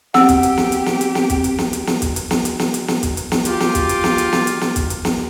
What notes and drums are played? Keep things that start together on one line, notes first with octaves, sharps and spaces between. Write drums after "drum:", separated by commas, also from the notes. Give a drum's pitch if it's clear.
C4 G4 F#5 E6, drum: snare
drum: kick, hi-hat
drum: hi-hat
drum: snare
drum: hi-hat
drum: snare
drum: hi-hat
drum: snare
drum: kick, hi-hat
drum: hi-hat
drum: snare
drum: hi-hat
drum: snare
drum: kick, hi-hat
drum: hi-hat
drum: snare
drum: hi-hat
drum: snare
drum: hi-hat
drum: snare
drum: kick, hi-hat
drum: hi-hat
drum: snare
F4 G4, drum: hi-hat
drum: snare
drum: kick, hi-hat
drum: hi-hat
drum: snare
drum: hi-hat
drum: snare
drum: hi-hat
drum: snare
drum: kick, hi-hat
drum: hi-hat
drum: snare